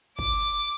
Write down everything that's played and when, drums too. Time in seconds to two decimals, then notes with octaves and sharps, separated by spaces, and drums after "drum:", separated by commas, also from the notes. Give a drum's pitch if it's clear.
0.18 D6, drum: kick